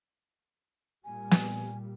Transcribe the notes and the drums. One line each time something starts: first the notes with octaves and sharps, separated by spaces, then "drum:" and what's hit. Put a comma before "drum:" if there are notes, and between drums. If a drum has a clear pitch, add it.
A#2 G3 G#5
drum: snare